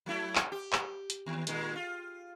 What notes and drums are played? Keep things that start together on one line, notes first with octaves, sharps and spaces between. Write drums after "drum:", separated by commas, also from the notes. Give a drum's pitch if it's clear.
F#3 A3 E4
drum: clap
G4
drum: clap
drum: hi-hat
D#2
A#2 D#3 G#3, drum: hi-hat
F4